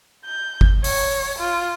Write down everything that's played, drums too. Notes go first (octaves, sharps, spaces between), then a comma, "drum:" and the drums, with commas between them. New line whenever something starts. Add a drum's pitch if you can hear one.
G6
drum: kick G1
C#5, drum: open hi-hat
F4